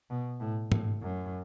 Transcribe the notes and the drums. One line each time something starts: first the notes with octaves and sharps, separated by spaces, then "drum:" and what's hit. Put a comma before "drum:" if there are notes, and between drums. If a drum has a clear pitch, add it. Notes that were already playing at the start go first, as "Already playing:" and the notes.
B2
A2
A2, drum: tom G#2
F#2